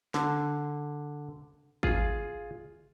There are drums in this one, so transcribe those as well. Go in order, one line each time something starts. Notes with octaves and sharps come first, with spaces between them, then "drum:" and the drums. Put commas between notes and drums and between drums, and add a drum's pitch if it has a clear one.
D3, drum: snare
F4 G#4, drum: kick